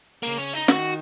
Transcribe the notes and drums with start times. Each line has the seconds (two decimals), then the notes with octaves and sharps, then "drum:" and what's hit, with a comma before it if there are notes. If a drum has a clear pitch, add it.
0.23 C#3 A#3
0.38 C#4
0.53 D#4
0.68 D#3 F#4, drum: snare